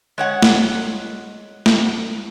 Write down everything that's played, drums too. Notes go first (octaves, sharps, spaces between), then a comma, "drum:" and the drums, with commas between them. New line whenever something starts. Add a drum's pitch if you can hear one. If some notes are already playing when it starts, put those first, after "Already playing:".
G#3 C#5 F#5
drum: snare
drum: snare